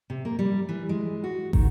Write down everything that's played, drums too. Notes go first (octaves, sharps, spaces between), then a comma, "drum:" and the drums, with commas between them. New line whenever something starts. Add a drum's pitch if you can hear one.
C3
A#3
G3
E3
G#3
F#4
D#3, drum: kick